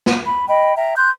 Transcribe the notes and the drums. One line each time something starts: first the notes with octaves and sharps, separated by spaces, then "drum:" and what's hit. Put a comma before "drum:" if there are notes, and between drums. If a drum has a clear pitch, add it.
drum: snare
B5
D#5 G5 B5
E5 G5 A#5
C6 F#6 G6